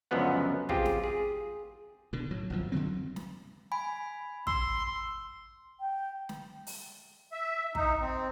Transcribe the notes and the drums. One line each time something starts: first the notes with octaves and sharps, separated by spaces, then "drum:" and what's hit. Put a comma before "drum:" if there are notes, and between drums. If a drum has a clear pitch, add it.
C#2 F#2 D3 F3 B3 F#5
C4 F4 G4 G#4, drum: kick
drum: snare
G#4
B2 D3
A2 F#3
G1 F2 F3
D3 D#3 F#3 C4
drum: snare
G#5 B5
C6 E6, drum: kick
G5
drum: snare
drum: open hi-hat
E5
D#4, drum: kick
C4